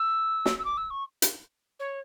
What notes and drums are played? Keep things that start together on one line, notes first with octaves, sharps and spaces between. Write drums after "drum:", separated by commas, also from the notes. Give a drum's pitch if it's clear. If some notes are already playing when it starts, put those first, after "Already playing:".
Already playing: E6
drum: snare
E6
D6
E6
C#6
drum: hi-hat
C#5